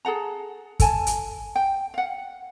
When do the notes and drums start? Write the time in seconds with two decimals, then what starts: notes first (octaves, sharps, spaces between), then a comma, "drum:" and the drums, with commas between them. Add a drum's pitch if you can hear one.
0.05 G#4 A4 F#5 A#5
0.80 A4 G#5 A5, drum: kick, hi-hat
1.07 drum: hi-hat
1.56 G5
1.94 F5 F#5